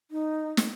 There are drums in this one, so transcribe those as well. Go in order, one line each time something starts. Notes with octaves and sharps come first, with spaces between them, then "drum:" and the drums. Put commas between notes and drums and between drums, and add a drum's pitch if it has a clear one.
D#4
drum: snare